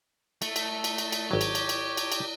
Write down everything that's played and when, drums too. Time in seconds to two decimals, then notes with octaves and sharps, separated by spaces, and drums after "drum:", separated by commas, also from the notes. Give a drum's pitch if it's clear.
0.42 A3, drum: cymbal
0.56 drum: cymbal
0.84 drum: cymbal
0.98 drum: cymbal
1.12 drum: cymbal
1.31 G#1 F#3 G4 C#5
1.41 drum: cymbal
1.55 drum: cymbal
1.69 drum: cymbal
1.97 drum: cymbal
2.12 drum: cymbal